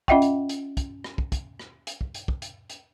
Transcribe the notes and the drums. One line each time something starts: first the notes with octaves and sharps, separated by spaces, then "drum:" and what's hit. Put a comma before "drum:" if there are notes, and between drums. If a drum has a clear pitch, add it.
C#4 F4 D#5 E5 F#5 G5, drum: kick
drum: hi-hat
drum: hi-hat
drum: kick, hi-hat
drum: rim click
drum: kick
drum: kick, hi-hat
drum: rim click
drum: hi-hat
drum: kick
drum: hi-hat
drum: kick
drum: hi-hat
drum: hi-hat